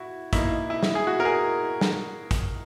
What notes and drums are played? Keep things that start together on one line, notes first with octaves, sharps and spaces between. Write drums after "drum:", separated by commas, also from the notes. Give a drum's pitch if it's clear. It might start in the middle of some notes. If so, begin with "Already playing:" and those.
Already playing: E4 F#4
B2 A#3 D#4 E4, drum: kick, hi-hat
E4
drum: snare
G#4
F#4
A#4
G#4
drum: snare
drum: kick, hi-hat